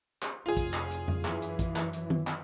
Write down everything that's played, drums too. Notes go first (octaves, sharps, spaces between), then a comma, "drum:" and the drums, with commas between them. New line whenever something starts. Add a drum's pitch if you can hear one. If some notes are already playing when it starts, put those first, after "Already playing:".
drum: clap
F1 F4 G#4
drum: kick, hi-hat
drum: clap
drum: hi-hat
drum: tom F2
F#2 E3, drum: clap
drum: hi-hat
drum: kick, hi-hat
drum: clap
drum: hi-hat
drum: tom D#3
drum: clap